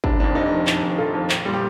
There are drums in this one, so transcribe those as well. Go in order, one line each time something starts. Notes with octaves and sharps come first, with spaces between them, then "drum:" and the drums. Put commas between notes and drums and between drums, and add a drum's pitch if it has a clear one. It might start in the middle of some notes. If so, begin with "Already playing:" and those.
F1 D4, drum: kick
F2 D#3 D4
F1 D#4
F2 D#3
F1, drum: clap
F2 D#3
F1 F4 A4
F2 D#3
A#1, drum: clap
A#2 G3
G4